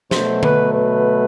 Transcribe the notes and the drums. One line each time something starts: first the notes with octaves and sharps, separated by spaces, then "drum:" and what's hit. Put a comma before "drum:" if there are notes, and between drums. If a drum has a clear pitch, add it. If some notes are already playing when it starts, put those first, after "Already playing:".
B2 F#3 A3 C5, drum: snare
B4, drum: tom D3
B4